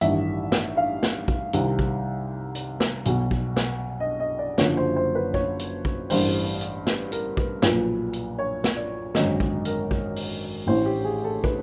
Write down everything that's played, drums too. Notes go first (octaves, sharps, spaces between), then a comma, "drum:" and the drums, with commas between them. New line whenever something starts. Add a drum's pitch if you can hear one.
A1 G2 D#3 E5, drum: hi-hat
drum: snare
F5
drum: snare
drum: kick
C2 C3 D#3, drum: hi-hat
drum: kick
drum: hi-hat
drum: snare
B1 B2, drum: hi-hat
drum: kick
drum: snare
D#5
D#5
D5
F#1 F#2 D3 F3 C#5, drum: snare
C5
C5
B4
C#5, drum: kick
drum: hi-hat
drum: kick
A1 G2 E3 C5, drum: open hi-hat
drum: hi-hat
B4, drum: snare
A#4, drum: hi-hat
B4, drum: kick
B1 A#2 F3 B4, drum: snare
drum: hi-hat
C#5
drum: snare
D5
G#1 F#2 D3 D#5, drum: snare
drum: kick
A#4, drum: hi-hat
drum: kick
drum: open hi-hat
A1 A2 E3 C5
G4
G#4
A4
B4, drum: kick